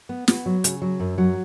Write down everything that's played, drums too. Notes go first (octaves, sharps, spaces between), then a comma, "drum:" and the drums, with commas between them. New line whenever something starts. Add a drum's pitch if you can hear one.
B3
B3, drum: snare
F#3
C#3, drum: hi-hat
F#3
F#2
F#3